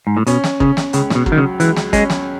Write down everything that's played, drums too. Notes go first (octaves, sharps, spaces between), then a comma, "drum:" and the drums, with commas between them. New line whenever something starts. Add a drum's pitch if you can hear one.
G#2
A2
B2 C#4, drum: hi-hat
drum: snare
C#3 C#4, drum: kick
drum: snare
C#2 C#3, drum: hi-hat
A2, drum: snare
B2
F#3, drum: kick
D#3
C#3
C#2 E3, drum: hi-hat
drum: snare
G#3 C#4, drum: kick, hi-hat
drum: snare